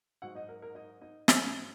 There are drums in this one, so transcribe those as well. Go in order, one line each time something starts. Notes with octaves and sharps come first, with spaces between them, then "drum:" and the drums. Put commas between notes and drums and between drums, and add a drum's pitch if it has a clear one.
G#2 F#3 F#4 F#5
D#4 D#5
A#4
A#4
D#4 D#5
D#4 D#5
G#2 F#3 C#4 C#5, drum: snare